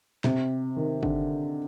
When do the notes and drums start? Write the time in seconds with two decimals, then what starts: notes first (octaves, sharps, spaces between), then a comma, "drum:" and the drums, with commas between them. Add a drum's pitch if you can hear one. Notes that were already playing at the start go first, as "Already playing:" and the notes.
0.24 C3, drum: snare
0.76 D#3
1.03 D3, drum: kick G1